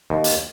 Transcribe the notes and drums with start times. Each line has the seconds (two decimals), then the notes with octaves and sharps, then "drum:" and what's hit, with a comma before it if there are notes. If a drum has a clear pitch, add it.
0.10 D#2
0.24 drum: hi-hat